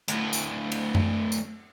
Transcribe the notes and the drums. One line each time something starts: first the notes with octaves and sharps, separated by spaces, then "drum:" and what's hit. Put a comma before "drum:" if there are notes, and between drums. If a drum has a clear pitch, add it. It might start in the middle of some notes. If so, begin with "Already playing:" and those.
D2 A2, drum: hi-hat
drum: tambourine
drum: cymbal
drum: tom F#2
drum: tambourine